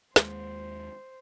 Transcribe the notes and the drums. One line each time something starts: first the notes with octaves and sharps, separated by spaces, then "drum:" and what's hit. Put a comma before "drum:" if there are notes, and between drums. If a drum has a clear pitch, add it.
D#2 G#3 C5, drum: snare